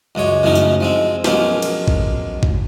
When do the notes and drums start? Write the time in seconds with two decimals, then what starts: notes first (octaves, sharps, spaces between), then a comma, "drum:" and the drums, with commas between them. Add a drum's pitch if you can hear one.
0.15 C#2 F#2 G#3 C#5
0.43 F#2 A2 C#3 F3 C#4 D#4
0.55 drum: tambourine
0.80 F3 G#3 C4
1.24 F3 F#3 G#3 A#3 B3 C#4, drum: snare
1.62 drum: cymbal
1.88 drum: kick
2.43 drum: kick